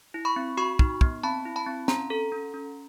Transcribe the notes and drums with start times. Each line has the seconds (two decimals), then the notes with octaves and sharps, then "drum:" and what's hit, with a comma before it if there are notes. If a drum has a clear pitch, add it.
0.14 E4
0.25 B5 C#6
0.36 C4
0.57 F#4 B5 C#6
0.79 D#4, drum: kick
1.01 B3, drum: kick
1.23 C4 A5 B5
1.45 E4
1.56 A5 B5
1.66 C4
1.88 C#4 A#5 C6, drum: snare
2.10 A4
2.32 C#4
2.54 C#4